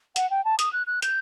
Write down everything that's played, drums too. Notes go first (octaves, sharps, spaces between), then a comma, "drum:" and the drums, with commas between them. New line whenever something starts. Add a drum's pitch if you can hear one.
F#5, drum: hi-hat
G5
A5
D#6, drum: hi-hat
F#6
F#6
G6, drum: hi-hat